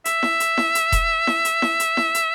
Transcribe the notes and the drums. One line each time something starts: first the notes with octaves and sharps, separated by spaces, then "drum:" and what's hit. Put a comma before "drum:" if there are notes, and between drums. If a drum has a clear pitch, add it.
E5, drum: hi-hat
drum: snare E4
drum: hi-hat
drum: snare E4
drum: hi-hat
drum: kick E1, hi-hat
drum: snare E4
drum: hi-hat
drum: snare E4
drum: hi-hat
drum: snare E4
drum: hi-hat